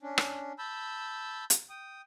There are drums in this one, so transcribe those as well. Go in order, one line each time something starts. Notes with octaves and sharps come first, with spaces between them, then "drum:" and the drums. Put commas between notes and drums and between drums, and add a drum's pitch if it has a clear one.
C#4 D4
drum: rim click
A5 B5 E6 G6
drum: hi-hat
G5 D#6